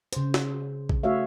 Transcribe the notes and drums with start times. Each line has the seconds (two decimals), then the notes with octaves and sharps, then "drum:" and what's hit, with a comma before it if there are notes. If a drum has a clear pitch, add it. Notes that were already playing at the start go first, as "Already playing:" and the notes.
0.13 C#3 C5, drum: hi-hat
0.34 drum: snare
0.89 drum: kick A1
1.03 A3 F#4 C#5 E5 F5